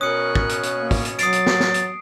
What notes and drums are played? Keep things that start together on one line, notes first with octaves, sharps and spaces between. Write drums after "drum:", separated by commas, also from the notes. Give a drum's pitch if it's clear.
B2 C#4 A#4 C#5 D#6 F#6 C#7
drum: kick
drum: hi-hat
drum: hi-hat
A#3
drum: kick, open hi-hat
drum: hi-hat
F#3 D#6 A6 C7 D7, drum: hi-hat
drum: hi-hat
drum: snare
drum: snare
drum: hi-hat